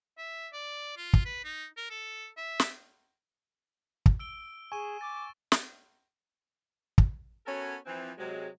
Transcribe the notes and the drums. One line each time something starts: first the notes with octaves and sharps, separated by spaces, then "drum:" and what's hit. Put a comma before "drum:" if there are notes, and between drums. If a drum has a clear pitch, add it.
E5
D5
F4
drum: kick
B4
D#4
A#4
A4
E5
drum: snare
drum: kick
E6 D7 G7
G#4 G#5 C#6 D#7
D6 A6
drum: snare
drum: kick
B3 C#4 F#4 A4 A#4 C#5
E3 F3 C4
C3 F#3 G#3